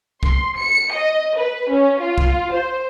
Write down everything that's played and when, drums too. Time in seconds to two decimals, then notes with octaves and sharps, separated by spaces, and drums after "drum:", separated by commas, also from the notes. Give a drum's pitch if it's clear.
0.23 C6, drum: kick C2
0.58 C#7
0.93 D#5
1.37 B4
1.69 C#4
2.00 F4
2.18 drum: kick C2
2.51 C5